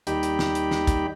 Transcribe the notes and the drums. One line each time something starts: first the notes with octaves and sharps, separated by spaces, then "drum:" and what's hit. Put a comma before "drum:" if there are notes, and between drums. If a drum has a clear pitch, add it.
D#2 G3 D#4 G4 G5 B5, drum: hi-hat
drum: hi-hat
drum: snare
drum: hi-hat
drum: snare
drum: kick, hi-hat